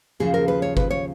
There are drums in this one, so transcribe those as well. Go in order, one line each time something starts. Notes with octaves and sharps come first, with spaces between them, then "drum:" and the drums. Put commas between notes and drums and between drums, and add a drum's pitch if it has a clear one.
D#2 C#3 F3 G#4
A#4
B4
C#5
B4, drum: kick G1
C#5